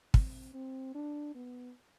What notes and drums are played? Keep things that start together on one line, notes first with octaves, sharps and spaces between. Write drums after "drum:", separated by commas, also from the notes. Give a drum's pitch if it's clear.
C4, drum: kick
C4
D4
B3